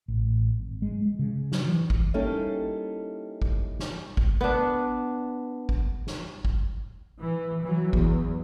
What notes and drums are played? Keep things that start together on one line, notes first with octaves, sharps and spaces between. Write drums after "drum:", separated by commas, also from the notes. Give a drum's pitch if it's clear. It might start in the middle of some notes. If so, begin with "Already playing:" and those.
A1
G#1
G#3
G#3
C#3
F#3, drum: snare
E3
drum: kick G#1
G3 A#3 C#4 D#4 E4 A4
drum: kick G#1
drum: snare
drum: kick G#1
B3 D4
drum: kick G#1
drum: snare
drum: kick G#1
E3
E3 F#3
E2, drum: kick G#1